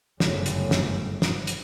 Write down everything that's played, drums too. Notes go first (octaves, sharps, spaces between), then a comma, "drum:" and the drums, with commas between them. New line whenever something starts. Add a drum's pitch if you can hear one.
G1 F#2 A2 C#3, drum: snare
drum: hi-hat
drum: snare
drum: snare
drum: hi-hat